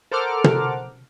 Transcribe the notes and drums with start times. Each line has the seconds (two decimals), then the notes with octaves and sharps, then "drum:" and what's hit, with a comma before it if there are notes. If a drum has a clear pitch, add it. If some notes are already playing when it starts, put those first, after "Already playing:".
0.11 A4 A#4 C5 F#5 D6 F6
0.44 drum: tom